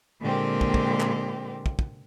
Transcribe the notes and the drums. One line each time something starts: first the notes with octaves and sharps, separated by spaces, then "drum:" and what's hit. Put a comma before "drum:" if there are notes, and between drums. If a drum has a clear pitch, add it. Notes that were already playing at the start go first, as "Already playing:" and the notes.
A#2 D3 G#3 A#3 C4 G4
drum: kick
drum: kick
drum: clap
drum: kick
drum: kick